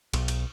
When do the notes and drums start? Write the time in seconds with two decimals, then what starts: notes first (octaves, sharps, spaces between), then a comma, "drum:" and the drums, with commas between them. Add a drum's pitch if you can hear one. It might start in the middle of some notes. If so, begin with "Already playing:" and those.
0.13 B1, drum: cymbal
0.28 drum: cymbal